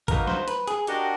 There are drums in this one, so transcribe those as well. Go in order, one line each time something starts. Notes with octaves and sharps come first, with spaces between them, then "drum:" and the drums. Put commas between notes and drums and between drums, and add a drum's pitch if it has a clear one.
A#3 D#4 F#4 A#4 B4, drum: kick, hi-hat
C5, drum: snare
B4, drum: hi-hat
G#4, drum: hi-hat
D4 F#4 G4 A#4 D#5 F#5, drum: hi-hat